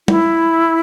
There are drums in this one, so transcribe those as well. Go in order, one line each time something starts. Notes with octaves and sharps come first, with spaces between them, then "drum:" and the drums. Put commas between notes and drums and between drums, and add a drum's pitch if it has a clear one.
E4, drum: tom G3